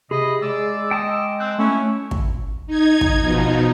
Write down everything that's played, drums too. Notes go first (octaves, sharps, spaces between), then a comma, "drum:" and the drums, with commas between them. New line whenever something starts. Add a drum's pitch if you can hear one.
C3 G#4 D#5 B5
G#3 D5 E6
D#5 G5 A5 D6
C4 F#6
A3 C#4 E4
drum: kick
D#4 G#6
drum: kick
B2 F3 D#4